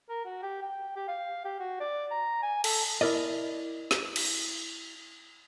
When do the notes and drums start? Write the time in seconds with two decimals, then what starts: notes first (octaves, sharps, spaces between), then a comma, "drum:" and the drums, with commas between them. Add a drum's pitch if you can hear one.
0.09 A#4
0.25 F#4
0.43 G4
0.63 G5
0.96 G4
1.08 F5
1.45 G4
1.60 F#4
1.80 D5
2.11 A#5
2.43 G#5
2.64 A4, drum: cymbal
3.01 E4 A#4 D5 D#5
3.91 drum: snare
4.16 drum: cymbal